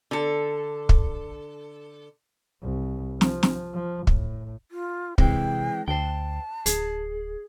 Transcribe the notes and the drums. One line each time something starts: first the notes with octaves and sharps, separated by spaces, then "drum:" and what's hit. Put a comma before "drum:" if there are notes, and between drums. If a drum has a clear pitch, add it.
D3 A4
drum: kick
C2
F3, drum: snare
drum: snare
F3
A2, drum: kick
F4
C3 E3 G#3 C4 G5, drum: kick
D2 C5 G5 A5
D1 G#4, drum: hi-hat